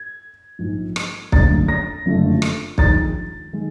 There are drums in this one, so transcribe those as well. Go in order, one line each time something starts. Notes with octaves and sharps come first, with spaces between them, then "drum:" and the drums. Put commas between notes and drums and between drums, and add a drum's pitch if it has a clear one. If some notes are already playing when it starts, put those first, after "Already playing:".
Already playing: G#6
A#1 G#2 F3
drum: rim click
F#1 F2 D3 F3 A3 A6, drum: kick
A#6
F#1 F2 D3 F3 A3
drum: rim click
A#1 G#2 D#3 G#3 A6, drum: kick
D#3 G#3